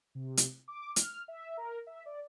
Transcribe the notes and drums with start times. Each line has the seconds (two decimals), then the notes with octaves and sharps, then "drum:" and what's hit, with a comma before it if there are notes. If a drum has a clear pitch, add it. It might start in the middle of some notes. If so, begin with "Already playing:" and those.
0.15 C3
0.37 drum: hi-hat
0.68 D6
0.96 F6, drum: hi-hat
1.28 E5
1.57 A#4
1.87 E5
2.06 D5